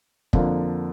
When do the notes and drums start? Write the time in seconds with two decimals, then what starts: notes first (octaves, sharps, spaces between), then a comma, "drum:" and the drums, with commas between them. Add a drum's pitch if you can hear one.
0.33 F2 D3 F3 A#3, drum: kick